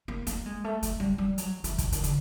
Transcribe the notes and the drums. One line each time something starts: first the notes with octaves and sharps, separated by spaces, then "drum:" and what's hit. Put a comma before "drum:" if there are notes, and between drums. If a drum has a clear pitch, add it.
A#3
A#3, drum: hi-hat
G#3
A3
A3, drum: hi-hat
G3
G3
F#3, drum: hi-hat
E3, drum: hi-hat
drum: kick, hi-hat
D#3, drum: hi-hat
D3, drum: hi-hat